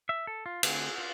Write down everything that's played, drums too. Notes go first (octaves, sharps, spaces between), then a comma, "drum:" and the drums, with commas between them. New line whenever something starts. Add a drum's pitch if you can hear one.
E5
A4
F4
D3 A3 C4 G#4, drum: cymbal
F4